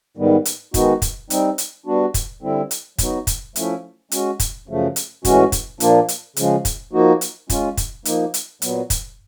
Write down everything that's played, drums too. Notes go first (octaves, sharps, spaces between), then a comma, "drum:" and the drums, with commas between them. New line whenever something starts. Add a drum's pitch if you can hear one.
G#2 D#3 G3 B3
drum: hi-hat
D#3 G#3 B3 D#4 F#4, drum: kick, hi-hat
drum: kick, hi-hat
G3 C4 D#4, drum: hi-hat
drum: hi-hat
G3 B3 D4 F#4
drum: kick, hi-hat
D3 G3 C4 E4
drum: hi-hat
F#3 B3 D#4 F#4, drum: kick, hi-hat
drum: kick, hi-hat
F3 A3 C#4 E4, drum: hi-hat
G#3 C#4 F#4, drum: hi-hat
drum: kick, hi-hat
F#2 C#3 F3 A3
drum: hi-hat
A2 E3 G#3 C#4 F#4, drum: kick, hi-hat
drum: kick, hi-hat
A#2 F3 A#3 D4 F4, drum: hi-hat
drum: hi-hat
C#3 F3 G#3, drum: hi-hat
drum: kick, hi-hat
F3 A#3 D#4 F#4
drum: hi-hat
G#3 C#4 F4, drum: kick, hi-hat
drum: kick, hi-hat
F3 A#3 D#4, drum: hi-hat
drum: hi-hat
A#2 F#3 B3, drum: hi-hat
drum: kick, hi-hat